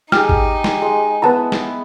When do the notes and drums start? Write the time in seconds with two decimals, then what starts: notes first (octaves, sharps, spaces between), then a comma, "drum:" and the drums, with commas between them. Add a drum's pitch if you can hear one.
0.12 D#4 G4 G#4 F6, drum: snare
0.29 drum: kick G#1
0.64 drum: snare
0.82 G#3
1.22 B3 E4 B4 A5 A#5
1.52 drum: snare